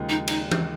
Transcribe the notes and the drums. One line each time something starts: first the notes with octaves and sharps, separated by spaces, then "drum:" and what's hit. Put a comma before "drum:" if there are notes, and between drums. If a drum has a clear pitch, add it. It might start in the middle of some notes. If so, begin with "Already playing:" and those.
Already playing: D#2 C#3 F3 G#3
D#4
D#4, drum: cymbal
drum: tom E3